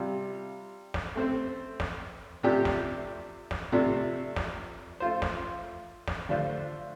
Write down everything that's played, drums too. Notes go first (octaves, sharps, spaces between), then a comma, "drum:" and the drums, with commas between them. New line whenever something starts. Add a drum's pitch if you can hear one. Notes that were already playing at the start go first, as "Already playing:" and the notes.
Already playing: C3 G3 F4
drum: snare
A3 C4 A4 C5
drum: snare
C3 F3 A3 D4 G4
drum: snare
drum: snare
C3 F3 A3 D4
drum: snare
A3 F4 C5
drum: snare
drum: snare
D3 A3 D4 F4 C5